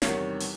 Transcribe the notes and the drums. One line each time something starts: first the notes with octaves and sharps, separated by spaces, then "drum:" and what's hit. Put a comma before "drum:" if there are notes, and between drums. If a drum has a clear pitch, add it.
E2 C3 D#3 G3 C#5, drum: snare
E3, drum: open hi-hat